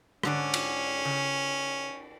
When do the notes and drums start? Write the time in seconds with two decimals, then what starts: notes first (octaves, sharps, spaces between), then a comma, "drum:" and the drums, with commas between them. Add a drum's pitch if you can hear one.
0.23 G#2 D3 C#4 D5, drum: rim click
0.54 drum: cymbal
1.05 C#3